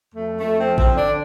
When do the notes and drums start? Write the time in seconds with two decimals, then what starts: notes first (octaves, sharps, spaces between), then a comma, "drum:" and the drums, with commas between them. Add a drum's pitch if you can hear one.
0.14 F2 A3
0.40 F2 A3
0.58 C4
0.65 F3
0.78 C4, drum: kick A1
0.90 D3
0.96 D4